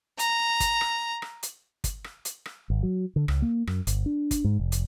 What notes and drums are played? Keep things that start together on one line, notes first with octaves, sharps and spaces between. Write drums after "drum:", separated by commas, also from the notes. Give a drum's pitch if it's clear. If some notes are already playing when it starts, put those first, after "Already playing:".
A#5, drum: hi-hat
drum: kick, hi-hat
drum: rim click
drum: rim click
drum: hi-hat
drum: kick, hi-hat
drum: rim click
drum: hi-hat
drum: rim click
G#1
F#3
D3
C#2, drum: rim click
A#3
F#2, drum: rim click
G1, drum: hi-hat
D4
drum: kick, hi-hat
G#2
F1
drum: hi-hat